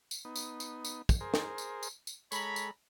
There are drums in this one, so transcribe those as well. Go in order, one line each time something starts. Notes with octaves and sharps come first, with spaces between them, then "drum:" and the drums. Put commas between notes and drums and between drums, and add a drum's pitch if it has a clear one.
drum: tambourine
B3 D#4
drum: tambourine
drum: tambourine
drum: tambourine
drum: kick, tambourine
G#4 A#4 C5
drum: snare
drum: tambourine
drum: tambourine
drum: tambourine
G#3 A4 C#5 A#5 B5, drum: tambourine
drum: tambourine